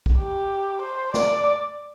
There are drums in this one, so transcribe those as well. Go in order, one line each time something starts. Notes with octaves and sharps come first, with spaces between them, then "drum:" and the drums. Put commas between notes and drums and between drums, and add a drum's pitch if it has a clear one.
drum: kick
G4
C5
D5, drum: snare